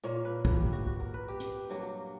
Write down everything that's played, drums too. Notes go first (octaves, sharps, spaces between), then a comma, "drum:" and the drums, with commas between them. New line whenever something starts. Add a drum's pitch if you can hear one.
A#2 A#3 C#5
B4
B4, drum: kick
G4
F#4
F#4
A#4
B4
G4
drum: hi-hat
G2 F#3 A#3